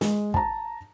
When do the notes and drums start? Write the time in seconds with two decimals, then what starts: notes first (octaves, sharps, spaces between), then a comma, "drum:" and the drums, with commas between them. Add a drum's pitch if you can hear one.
0.01 G#3, drum: snare
0.34 A5 A#5, drum: kick